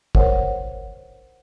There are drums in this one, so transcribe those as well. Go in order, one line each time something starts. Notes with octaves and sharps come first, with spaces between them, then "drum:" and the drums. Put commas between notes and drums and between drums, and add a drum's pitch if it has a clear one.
A#4 C5 C#5 F#5, drum: kick